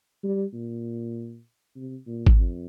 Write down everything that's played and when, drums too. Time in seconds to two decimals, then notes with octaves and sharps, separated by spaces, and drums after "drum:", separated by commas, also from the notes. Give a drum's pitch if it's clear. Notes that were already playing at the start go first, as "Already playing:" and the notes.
0.24 G3
0.54 A#2
1.76 C3
2.07 A#2
2.27 drum: kick G#1
2.37 F2